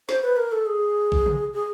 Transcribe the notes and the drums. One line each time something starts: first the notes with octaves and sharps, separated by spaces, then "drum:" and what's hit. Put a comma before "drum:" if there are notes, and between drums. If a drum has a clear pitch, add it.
C5, drum: snare
B4
A#4
A4
G#4
drum: kick A#1
drum: tom
G#4